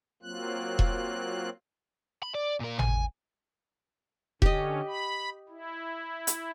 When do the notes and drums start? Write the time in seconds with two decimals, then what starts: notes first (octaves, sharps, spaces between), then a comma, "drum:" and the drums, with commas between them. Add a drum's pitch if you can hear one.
0.23 F#3 A#3 C4 F4 F#6
0.79 drum: kick E1
2.23 B5
2.35 D5
2.60 A#2 A#4
2.79 G#5, drum: tom G#1
4.42 D3 C#4 G4 D#5, drum: kick E1
4.87 B5
5.49 E4
6.27 drum: hi-hat